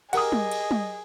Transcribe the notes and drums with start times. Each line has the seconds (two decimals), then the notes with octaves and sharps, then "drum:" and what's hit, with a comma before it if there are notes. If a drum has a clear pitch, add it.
0.13 G4 G#4 A#4 D#5 F#5 D#6, drum: cymbal
0.32 drum: tom
0.51 drum: cymbal
0.71 drum: tom